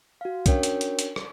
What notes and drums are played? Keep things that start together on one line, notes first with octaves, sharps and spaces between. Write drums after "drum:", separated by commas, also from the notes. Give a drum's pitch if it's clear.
F#4 F5
C#4 D4 F#4 A#4 C#5 G5, drum: kick B1, hi-hat
drum: hi-hat
drum: hi-hat
drum: hi-hat
drum: rim click